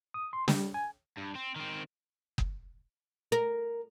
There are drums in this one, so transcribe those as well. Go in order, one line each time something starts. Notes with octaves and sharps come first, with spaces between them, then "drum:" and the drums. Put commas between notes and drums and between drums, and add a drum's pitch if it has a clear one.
D#6
C6
G3, drum: snare
G#5
G2
C4
D#3 C4
drum: kick F#1
A#4